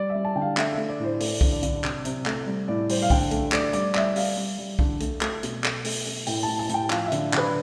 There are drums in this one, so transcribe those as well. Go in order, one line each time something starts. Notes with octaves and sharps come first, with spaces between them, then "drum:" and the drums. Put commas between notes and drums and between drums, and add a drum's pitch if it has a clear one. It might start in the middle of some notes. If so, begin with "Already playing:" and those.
Already playing: G3 D5
E5
G3
A5
D3 G5
F5
A3 E5, drum: clap
A3 E5
D5
A2 C5
A3 D5, drum: open hi-hat
D3, drum: kick B1
D5
D3, drum: hi-hat
C3, drum: clap
C3, drum: hi-hat
A3, drum: clap
G3
A2 D5
G3 C5, drum: open hi-hat
F5
D3 G5, drum: kick B1
A3, drum: hi-hat
A3 D5, drum: clap
G3 D5, drum: hi-hat
G3 E5, drum: clap
G3 F5, drum: open hi-hat
G3
G3
D3, drum: kick B1
A3, drum: hi-hat
A3, drum: clap
B2, drum: hi-hat
A3, drum: clap
A3, drum: open hi-hat
A3
A2 G5, drum: open hi-hat
A2 A5
A5
A2 G5, drum: hi-hat
F3 F5, drum: clap
E5
D3, drum: hi-hat
D3 B4, drum: clap